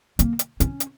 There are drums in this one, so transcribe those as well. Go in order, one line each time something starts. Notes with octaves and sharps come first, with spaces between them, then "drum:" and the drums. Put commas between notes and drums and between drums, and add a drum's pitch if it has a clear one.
A#3, drum: hi-hat
drum: hi-hat
C#4, drum: hi-hat
drum: hi-hat